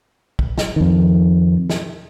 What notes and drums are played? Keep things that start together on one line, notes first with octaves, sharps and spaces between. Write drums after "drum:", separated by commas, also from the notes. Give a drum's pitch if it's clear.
drum: kick
drum: snare
F2 D#3
drum: snare